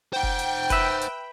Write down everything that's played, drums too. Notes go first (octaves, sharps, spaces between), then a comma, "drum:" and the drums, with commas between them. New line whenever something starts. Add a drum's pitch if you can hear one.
C5 F#5 G5
drum: kick F1
drum: hi-hat
B4 E5, drum: kick F1, hi-hat
drum: hi-hat